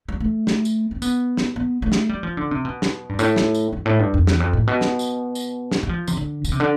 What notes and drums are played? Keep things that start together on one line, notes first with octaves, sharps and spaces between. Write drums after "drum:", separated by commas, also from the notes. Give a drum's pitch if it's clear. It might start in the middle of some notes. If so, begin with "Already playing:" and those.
G3
A3
drum: snare
drum: tambourine
C4
B3, drum: tambourine
drum: snare
B3
A3
drum: snare
G3
F3
D3
C3
B2
drum: snare
G2
A2, drum: tambourine
drum: snare
drum: tambourine
G2
A2
G2
F2
E2, drum: snare
F2
A2
B2
drum: snare
drum: tambourine
drum: tambourine
drum: snare
G3
F3
C3, drum: tambourine
D3
D3, drum: tambourine
C3
D3